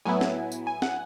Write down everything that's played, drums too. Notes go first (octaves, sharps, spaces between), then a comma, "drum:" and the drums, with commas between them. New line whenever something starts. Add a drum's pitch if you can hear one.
A2 F#3 B3 E4 G#5
drum: snare
drum: tambourine
G#5
F#5, drum: snare